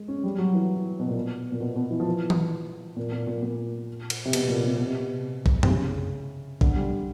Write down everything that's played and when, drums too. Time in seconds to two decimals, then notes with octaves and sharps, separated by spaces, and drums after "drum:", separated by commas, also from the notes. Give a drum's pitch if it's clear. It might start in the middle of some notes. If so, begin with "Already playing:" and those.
Already playing: G#3
0.08 C#4
0.24 G3
0.39 F#3
0.54 E3
0.99 B2
1.08 A#2
1.15 B2
1.52 A#2
1.60 B2
1.75 B2
1.91 E3
2.00 F3
2.08 E3
2.30 drum: tom E3
2.96 A#2
3.12 A#2
3.27 A#2
3.42 A#2
4.10 drum: cymbal
4.25 C3
4.33 B2, drum: cymbal
4.48 A#2
4.64 C3
4.76 B2
4.87 C3
5.46 drum: kick
5.63 C3, drum: tom F#2
5.70 C#3
6.61 D3, drum: kick
6.76 G3